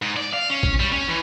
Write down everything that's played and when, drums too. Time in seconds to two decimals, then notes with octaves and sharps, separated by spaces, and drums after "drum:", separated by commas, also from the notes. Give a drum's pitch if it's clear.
0.02 G#2
0.17 D5
0.33 F5
0.50 C#4
0.63 drum: kick G#1
0.80 G3
0.92 C#4
1.08 E3